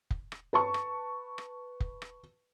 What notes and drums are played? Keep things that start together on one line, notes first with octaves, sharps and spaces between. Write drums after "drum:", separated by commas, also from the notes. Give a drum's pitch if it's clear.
drum: kick F1
drum: rim click
B4 A5 C#6
drum: rim click
drum: rim click
drum: kick F1
drum: rim click